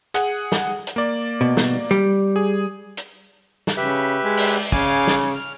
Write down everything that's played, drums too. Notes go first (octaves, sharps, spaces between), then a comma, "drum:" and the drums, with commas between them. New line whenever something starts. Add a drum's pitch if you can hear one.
G#4 F#5, drum: hi-hat
drum: snare
drum: hi-hat
A#3 D5
B2
drum: snare
G3
G#4
drum: hi-hat
drum: snare
C#3 G4 B4 E5
G#3
drum: open hi-hat
C#3 F5 G#5 D6, drum: kick
drum: snare
F6